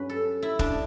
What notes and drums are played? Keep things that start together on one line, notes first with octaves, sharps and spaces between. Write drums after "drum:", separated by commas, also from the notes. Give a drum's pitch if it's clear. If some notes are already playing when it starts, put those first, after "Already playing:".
Already playing: G2 F#3 C#4 B4
A4
E4
D4, drum: kick